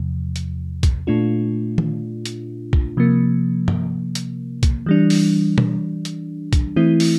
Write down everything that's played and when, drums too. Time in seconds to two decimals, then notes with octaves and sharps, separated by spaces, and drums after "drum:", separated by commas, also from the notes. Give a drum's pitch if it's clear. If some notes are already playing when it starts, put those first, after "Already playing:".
Already playing: E2 C3 F3
0.36 drum: hi-hat
0.83 drum: kick, hi-hat
1.07 A#2 A3 D4 F4
1.78 drum: tom D#3
2.26 drum: hi-hat
2.73 drum: kick
2.97 C3 F3 A#3
3.68 drum: tom
4.15 drum: hi-hat
4.63 drum: kick, hi-hat
4.86 E3 G3 D4
5.10 drum: open hi-hat
5.58 drum: tom
6.05 drum: hi-hat
6.53 drum: kick, hi-hat
6.76 E3 A3 C4 E4
7.00 drum: open hi-hat